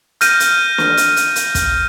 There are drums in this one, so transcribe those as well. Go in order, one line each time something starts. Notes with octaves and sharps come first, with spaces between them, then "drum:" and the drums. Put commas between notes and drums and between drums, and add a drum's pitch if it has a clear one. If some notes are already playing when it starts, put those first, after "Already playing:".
F6 G6 A#6 D#7, drum: hi-hat
drum: hi-hat
drum: snare
drum: hi-hat
drum: hi-hat
drum: hi-hat
drum: kick, hi-hat